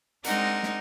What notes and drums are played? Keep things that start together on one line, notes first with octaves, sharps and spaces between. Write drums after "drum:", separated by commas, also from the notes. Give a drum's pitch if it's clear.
G#3 C4 D4 D#4 A#4 F#5, drum: hi-hat
drum: snare